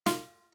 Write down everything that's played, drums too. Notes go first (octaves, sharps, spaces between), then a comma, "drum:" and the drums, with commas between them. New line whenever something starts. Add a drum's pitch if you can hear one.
F4, drum: snare